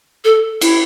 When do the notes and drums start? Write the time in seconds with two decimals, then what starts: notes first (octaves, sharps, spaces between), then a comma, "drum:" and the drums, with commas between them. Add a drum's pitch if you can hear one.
0.25 A4
0.61 E4, drum: cymbal